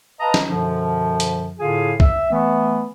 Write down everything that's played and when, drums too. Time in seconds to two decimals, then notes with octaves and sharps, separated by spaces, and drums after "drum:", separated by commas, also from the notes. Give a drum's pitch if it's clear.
0.20 B4 D#5 F5 A5 A#5
0.34 drum: snare
0.47 F#2 B2 D3 F3
1.20 drum: hi-hat
1.60 A2 D3 F4 G#4 F5 G#5
2.00 E5, drum: kick B1
2.31 E3 A3 B3